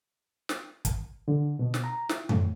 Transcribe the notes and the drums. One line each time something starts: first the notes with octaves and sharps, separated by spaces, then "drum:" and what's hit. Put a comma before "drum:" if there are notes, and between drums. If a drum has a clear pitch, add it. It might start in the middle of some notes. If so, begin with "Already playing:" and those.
drum: snare
drum: kick, hi-hat
D3
B2
drum: snare
A#5
E4, drum: snare
A2, drum: tom F2